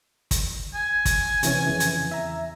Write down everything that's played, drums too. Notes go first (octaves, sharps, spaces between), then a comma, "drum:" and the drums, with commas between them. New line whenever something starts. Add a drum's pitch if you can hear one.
drum: kick, hi-hat
G#5
drum: kick, hi-hat
C3 E3 C#4, drum: hi-hat
F2 C#3 E3
drum: hi-hat
E2 E5 A#5